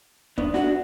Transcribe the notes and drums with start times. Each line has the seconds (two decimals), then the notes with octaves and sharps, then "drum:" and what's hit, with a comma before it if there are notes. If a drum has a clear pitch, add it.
0.38 B3 D4, drum: kick E1
0.54 D4 F#4, drum: snare